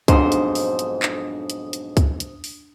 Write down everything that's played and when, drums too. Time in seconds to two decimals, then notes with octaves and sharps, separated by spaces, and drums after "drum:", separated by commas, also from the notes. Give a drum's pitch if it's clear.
0.08 B1 F2 G#2 D4 C5 D#6, drum: kick, hi-hat
0.32 drum: hi-hat
0.55 drum: open hi-hat
0.79 drum: hi-hat
1.02 drum: clap
1.50 drum: hi-hat
1.73 drum: hi-hat
1.97 drum: kick, hi-hat
2.20 drum: hi-hat
2.44 drum: open hi-hat